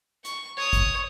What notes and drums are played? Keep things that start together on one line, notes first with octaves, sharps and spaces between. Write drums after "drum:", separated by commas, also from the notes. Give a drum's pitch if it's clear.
C#6, drum: hi-hat
C#5 D#6
drum: kick, hi-hat